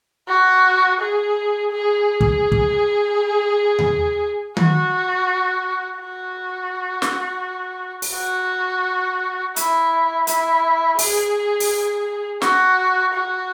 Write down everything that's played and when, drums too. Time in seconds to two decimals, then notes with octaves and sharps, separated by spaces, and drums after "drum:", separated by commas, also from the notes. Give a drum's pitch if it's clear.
0.28 F#4
1.00 G#4
1.71 G#4
2.21 drum: kick
2.52 drum: kick
3.79 drum: tom D#2
4.57 F#4, drum: tom D#3
5.99 F#4
7.02 drum: snare
8.02 drum: open hi-hat
8.14 F#4
9.56 E4, drum: hi-hat
10.27 E4, drum: hi-hat
10.99 G#4, drum: open hi-hat
11.60 drum: open hi-hat
12.42 F#4, drum: snare
13.13 F#4